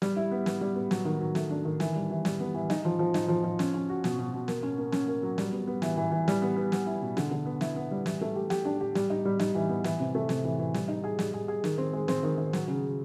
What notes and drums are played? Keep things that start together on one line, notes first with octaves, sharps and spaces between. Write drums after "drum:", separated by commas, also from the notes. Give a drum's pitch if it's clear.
G3, drum: snare
E4
B3
B3, drum: snare
G3
B3
F#3, drum: snare
D#3
F#3
A3, drum: snare
D4
D#3
E3, drum: snare
G3
E3
G3, drum: snare
B3
E3
D#4, drum: snare
F3
F3
D#4, drum: snare
F3
F3
C#4, drum: snare
C#4
F#4
B2, drum: snare
B2
B2
A#3, drum: snare
C#4
A#3
C#4, drum: snare
A#3
F#3
G3, drum: snare
B3
B3
E3, drum: snare
E3
E3
G3, drum: snare
B3
B3
B3, drum: snare
E4
B2
D3, drum: snare
D3
B3
E4, drum: snare
B3
G3
E3, drum: snare
A3
G4
G4, drum: snare
D4
G4
G3, drum: snare
D#4
G3
D#4, drum: snare
E3
B3
E3, drum: snare
C3
A3
C3, drum: snare
E3
E3
G3, drum: snare
D#4
G#4
G3, drum: snare
G#4
G#4
D#3, drum: snare
C4
G#3
C4, drum: snare
D#3
D#3
F#3, drum: snare
C#3